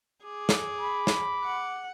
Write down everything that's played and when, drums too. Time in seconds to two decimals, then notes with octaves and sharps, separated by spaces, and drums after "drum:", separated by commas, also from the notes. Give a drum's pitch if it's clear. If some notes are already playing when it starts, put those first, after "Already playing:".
0.24 G#4 D6
0.49 drum: snare
0.81 B5
1.07 drum: snare
1.44 F#5